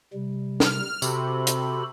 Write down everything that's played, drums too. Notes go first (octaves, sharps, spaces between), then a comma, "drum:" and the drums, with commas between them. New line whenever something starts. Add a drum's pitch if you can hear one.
C3 G3
F6, drum: snare
C3 F#4 A4 B5, drum: tambourine
drum: hi-hat